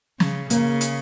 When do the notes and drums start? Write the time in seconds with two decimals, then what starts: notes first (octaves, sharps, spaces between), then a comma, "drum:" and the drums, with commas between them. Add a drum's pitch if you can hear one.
0.20 C#3, drum: snare
0.50 C#3 A#3, drum: hi-hat
0.81 drum: hi-hat